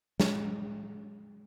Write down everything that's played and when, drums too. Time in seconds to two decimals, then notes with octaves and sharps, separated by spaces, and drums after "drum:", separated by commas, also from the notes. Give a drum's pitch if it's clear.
0.20 G#3, drum: snare